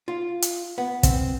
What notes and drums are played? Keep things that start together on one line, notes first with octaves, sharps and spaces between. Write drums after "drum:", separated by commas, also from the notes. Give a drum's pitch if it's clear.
F4
drum: hi-hat
B3
C4, drum: kick, hi-hat